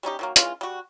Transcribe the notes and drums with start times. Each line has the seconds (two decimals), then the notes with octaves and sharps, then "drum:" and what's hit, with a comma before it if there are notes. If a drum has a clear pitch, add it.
0.03 G3 C#4 D#4 G4
0.19 D#3 F#3 A#3
0.36 E3 G#3 C#4 F4, drum: hi-hat
0.61 G3 F#4